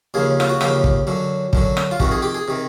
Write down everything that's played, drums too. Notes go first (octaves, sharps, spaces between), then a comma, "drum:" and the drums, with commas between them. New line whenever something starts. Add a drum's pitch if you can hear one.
D#2 C#3 F3 G#4
F4, drum: rim click
F#4
D#2 C#3 F3 G4, drum: rim click
drum: kick
F#2 D3 F#3
F#2 D3 F#3, drum: kick
drum: rim click
F4
F2 C3 D#3 F#4, drum: kick
G#4
G4
G#4
C3 D#3